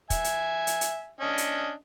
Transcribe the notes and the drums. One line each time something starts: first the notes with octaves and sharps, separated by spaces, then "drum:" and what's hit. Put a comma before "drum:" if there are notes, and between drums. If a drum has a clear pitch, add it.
E5 G#5, drum: kick, hi-hat
drum: hi-hat
drum: hi-hat
drum: hi-hat
C#4 D4 D#5
drum: hi-hat